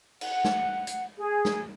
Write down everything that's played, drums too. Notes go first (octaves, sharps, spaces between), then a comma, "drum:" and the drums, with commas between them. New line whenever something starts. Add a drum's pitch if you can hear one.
F#5, drum: cymbal
drum: snare
drum: hi-hat
G#4
drum: snare